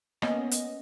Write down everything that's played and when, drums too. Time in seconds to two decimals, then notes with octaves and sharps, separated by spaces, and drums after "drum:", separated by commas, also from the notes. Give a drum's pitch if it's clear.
0.22 A#3 B3 C#4 D#5, drum: rim click
0.51 drum: hi-hat